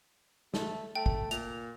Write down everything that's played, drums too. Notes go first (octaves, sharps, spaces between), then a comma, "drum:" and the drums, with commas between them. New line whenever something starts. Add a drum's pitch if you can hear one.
A3, drum: snare
A3 G5
drum: kick
A#2 F7, drum: hi-hat